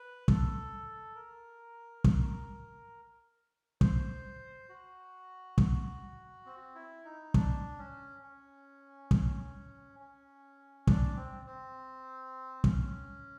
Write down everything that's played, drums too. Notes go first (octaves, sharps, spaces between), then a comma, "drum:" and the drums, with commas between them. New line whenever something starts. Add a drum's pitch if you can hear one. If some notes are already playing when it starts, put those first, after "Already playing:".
Already playing: B4
A4, drum: kick
A#4
drum: kick
C5, drum: kick
F#4
drum: kick
C4
E4
D#4
D4, drum: kick
C#4
C#4
drum: kick
C#4
D4, drum: kick
C4
C4
C#4, drum: kick